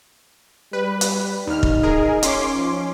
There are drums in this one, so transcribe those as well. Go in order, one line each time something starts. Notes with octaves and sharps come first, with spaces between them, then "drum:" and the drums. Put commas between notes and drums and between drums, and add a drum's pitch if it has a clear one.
G3 B4
drum: hi-hat
D#2 D#4 F6
drum: kick
G#4 A#4
C#4 C6 D6, drum: hi-hat
F3